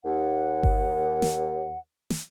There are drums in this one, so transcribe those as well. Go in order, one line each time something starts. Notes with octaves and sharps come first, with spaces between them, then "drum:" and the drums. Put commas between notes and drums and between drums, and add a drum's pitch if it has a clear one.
D#2 F#5
drum: kick G1
drum: snare
drum: snare